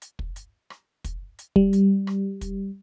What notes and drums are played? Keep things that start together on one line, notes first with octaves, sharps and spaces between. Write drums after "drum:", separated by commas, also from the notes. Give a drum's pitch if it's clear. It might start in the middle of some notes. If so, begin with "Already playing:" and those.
drum: hi-hat
drum: kick
drum: hi-hat
drum: rim click
drum: kick, hi-hat
drum: hi-hat
G3, drum: kick
drum: hi-hat
drum: rim click
drum: kick, hi-hat